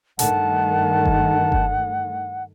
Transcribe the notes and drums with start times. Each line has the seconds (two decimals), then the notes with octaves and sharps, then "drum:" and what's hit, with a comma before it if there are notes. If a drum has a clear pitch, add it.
0.19 G2 D#3 A3 F#5 A5, drum: hi-hat
1.05 drum: kick F#1
1.52 drum: kick F#1